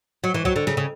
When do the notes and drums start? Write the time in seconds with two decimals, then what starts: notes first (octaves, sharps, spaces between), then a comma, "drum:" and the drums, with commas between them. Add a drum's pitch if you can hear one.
0.24 F#3
0.34 E3
0.45 F#3, drum: kick B1
0.56 D3
0.67 C#3, drum: snare
0.77 C#3